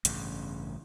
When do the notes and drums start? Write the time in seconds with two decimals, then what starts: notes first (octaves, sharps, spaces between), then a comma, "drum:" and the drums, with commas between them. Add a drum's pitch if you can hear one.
0.05 A1 G2 C#3, drum: hi-hat